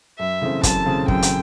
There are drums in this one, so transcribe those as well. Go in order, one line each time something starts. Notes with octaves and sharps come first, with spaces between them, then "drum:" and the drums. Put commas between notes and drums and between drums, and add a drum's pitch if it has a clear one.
F#2 E5
C#3 E3 A3 C4
F#2 A5, drum: kick, hi-hat
C#3 E3 A3 C4
F#2 G5, drum: kick
drum: hi-hat